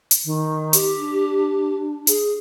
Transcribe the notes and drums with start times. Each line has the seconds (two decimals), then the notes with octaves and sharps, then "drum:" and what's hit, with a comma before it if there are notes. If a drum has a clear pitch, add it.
0.11 drum: hi-hat
0.25 D#3
0.73 G4, drum: hi-hat
0.98 D4
2.07 G#4, drum: hi-hat